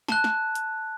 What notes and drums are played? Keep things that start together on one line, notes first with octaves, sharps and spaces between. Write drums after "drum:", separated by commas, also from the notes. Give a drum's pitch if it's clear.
A5 F#6, drum: snare
drum: snare
drum: hi-hat